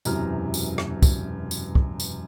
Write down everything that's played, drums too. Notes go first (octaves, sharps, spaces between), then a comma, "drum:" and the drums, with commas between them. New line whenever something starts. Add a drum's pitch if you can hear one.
E1 F#2 C3 E3 A#5 F6, drum: tambourine
drum: tambourine
drum: rim click
drum: kick, tambourine
drum: tambourine
drum: kick
drum: tambourine